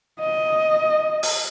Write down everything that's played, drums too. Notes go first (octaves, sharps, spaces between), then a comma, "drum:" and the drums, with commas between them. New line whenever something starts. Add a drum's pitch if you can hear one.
D#5
drum: open hi-hat